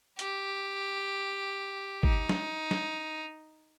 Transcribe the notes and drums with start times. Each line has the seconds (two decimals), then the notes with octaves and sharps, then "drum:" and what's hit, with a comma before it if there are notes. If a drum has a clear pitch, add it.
0.19 G4, drum: hi-hat
2.03 D#4, drum: kick
2.29 drum: snare
2.71 drum: snare